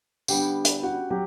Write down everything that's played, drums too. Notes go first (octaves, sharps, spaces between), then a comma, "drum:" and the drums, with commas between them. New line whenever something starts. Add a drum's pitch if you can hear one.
D3 G3 B3 G4 G5, drum: tambourine
drum: hi-hat
F#4 F#5
F#3 G4 G5